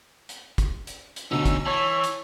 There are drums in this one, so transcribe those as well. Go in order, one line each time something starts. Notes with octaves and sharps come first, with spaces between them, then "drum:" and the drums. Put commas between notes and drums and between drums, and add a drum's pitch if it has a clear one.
drum: hi-hat
drum: kick, hi-hat
drum: hi-hat
drum: hi-hat
D2 B2 D3 C#4 D#4 E6
drum: kick, hi-hat
E3 C#5 A5 G#6
drum: hi-hat